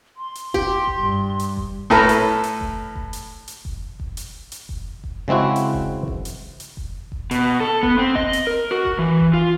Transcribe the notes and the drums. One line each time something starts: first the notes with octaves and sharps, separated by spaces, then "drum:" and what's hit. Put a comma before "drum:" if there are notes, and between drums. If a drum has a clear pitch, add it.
C6
drum: hi-hat
G4, drum: kick F1
drum: kick F1
G2
drum: hi-hat
drum: kick F1
A2 A4 B4 A#5 F6, drum: kick F1
drum: hi-hat
drum: hi-hat
drum: kick F1
drum: kick F1
drum: hi-hat
drum: hi-hat
drum: kick F1
drum: kick F1
drum: hi-hat
drum: hi-hat
drum: kick F1
drum: kick F1
C#3 G#3 C4 E4 F#4
drum: hi-hat
drum: kick F1
drum: kick F1
drum: hi-hat
drum: hi-hat
drum: kick F1
drum: kick F1
B2, drum: hi-hat
A4
B3, drum: kick F1
C4
D#5, drum: kick F1
drum: hi-hat
A#4
F#4
drum: kick F1
E3
drum: kick F1
F4